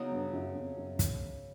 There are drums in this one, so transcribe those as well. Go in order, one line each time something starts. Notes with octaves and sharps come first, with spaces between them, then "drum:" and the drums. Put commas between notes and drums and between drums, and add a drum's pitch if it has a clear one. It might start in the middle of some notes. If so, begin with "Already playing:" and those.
Already playing: C#3 F#3 B3 D#4
G2
F#2
F2
F#2
drum: kick, hi-hat